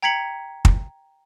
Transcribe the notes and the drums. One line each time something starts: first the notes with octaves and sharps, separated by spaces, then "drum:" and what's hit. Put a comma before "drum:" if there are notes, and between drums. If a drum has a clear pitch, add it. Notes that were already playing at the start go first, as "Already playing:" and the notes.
G5 A#5 G#6 B6 C#7 F#7
drum: kick